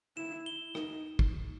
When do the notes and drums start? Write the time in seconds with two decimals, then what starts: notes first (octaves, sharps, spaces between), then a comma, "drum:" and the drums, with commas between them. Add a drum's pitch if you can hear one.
0.17 E4 E7
0.46 G7
0.75 D#4, drum: rim click
1.19 drum: kick